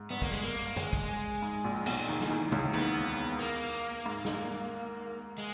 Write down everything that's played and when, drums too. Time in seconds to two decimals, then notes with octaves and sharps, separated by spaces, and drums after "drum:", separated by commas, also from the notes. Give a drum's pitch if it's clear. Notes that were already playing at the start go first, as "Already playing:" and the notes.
Already playing: G#2
0.10 G2 B3
0.22 A#3, drum: kick
0.32 G#3
0.43 A#3
0.76 G#3, drum: tom F#2
0.93 drum: kick
1.42 G#2
1.64 A#1 A#2
1.86 B1 B2, drum: cymbal
2.08 D#2 D#3
2.20 E3, drum: snare
2.30 D#2 D#3
2.52 C#2 C#3, drum: tom C3
2.73 D#2 D#3 B3, drum: hi-hat
3.40 A#3
4.06 G#2
4.25 drum: snare
5.38 G#3